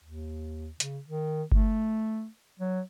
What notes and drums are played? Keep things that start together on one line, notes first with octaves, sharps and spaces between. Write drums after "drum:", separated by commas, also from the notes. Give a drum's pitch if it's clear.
D#2
C#3, drum: hi-hat
D#3
A3, drum: kick G1
F#3